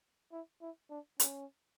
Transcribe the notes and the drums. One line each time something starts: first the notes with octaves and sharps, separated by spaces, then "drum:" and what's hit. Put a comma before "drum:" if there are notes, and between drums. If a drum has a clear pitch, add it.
E4
E4
D4
C#4, drum: hi-hat